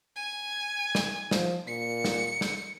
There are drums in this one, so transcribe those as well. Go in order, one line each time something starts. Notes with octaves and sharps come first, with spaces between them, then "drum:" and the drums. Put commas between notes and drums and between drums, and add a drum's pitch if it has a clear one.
G#5
drum: snare
F3, drum: snare
A#2 C#7
drum: snare
drum: snare